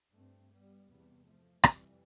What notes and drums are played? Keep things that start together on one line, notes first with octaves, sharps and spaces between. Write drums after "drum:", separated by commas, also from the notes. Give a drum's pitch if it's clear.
G2 A3 C4
G3 B3
E2 C3 G3 B3
F3 A3
F2 C3 E3 G3, drum: rim click